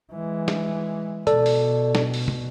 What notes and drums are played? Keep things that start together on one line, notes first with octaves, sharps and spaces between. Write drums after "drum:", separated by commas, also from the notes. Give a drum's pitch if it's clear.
E3 G#3
drum: snare
B2 A4 D5, drum: hi-hat
drum: open hi-hat
drum: snare
drum: open hi-hat
drum: tom